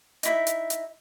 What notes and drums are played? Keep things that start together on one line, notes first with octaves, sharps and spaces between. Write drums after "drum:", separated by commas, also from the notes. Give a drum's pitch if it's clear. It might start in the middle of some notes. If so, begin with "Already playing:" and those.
D#4 E4 E5, drum: hi-hat
drum: hi-hat
drum: hi-hat